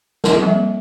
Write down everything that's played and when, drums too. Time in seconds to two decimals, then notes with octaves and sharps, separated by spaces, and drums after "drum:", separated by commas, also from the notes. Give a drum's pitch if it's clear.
0.24 C4, drum: snare
0.42 F3 G3 A#3 C4 A4 E5